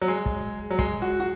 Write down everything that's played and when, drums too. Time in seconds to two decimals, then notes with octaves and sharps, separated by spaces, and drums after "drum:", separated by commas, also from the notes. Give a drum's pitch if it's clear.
0.02 F#3
0.08 G#3
0.26 drum: kick
0.70 F#3
0.79 G#3, drum: kick
1.02 F#4
1.20 F#4